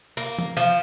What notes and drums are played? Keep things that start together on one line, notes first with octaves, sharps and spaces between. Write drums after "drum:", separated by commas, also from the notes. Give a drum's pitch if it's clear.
A#3, drum: open hi-hat
drum: tom E3
F3